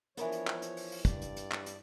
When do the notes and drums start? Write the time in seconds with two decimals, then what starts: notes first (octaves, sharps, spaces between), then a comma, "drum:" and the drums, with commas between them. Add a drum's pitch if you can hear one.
0.17 E3 F3 B3 D4 A#4 C#5, drum: hi-hat
0.32 drum: hi-hat
0.47 drum: clap
0.62 drum: hi-hat
0.77 drum: open hi-hat
0.92 drum: open hi-hat
1.05 G2 D5, drum: kick, hi-hat
1.22 drum: hi-hat
1.37 drum: hi-hat
1.51 drum: clap
1.66 drum: hi-hat